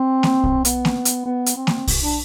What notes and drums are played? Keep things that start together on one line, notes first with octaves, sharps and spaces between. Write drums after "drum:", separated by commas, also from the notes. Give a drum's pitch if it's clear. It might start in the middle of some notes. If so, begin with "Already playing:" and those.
Already playing: C4
drum: snare A#3
drum: kick
B3, drum: hi-hat
drum: snare A#3
drum: hi-hat
B3
drum: hi-hat
C4
drum: snare A#3
drum: kick, open hi-hat
D4